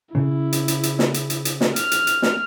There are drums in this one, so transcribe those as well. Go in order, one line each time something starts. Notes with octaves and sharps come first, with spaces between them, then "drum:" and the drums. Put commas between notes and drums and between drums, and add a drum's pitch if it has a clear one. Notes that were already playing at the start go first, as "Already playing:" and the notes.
C#3 E4
drum: hi-hat
drum: hi-hat
drum: hi-hat
drum: snare
drum: hi-hat
drum: hi-hat
drum: hi-hat
drum: snare
F6, drum: hi-hat
drum: hi-hat
drum: hi-hat
drum: snare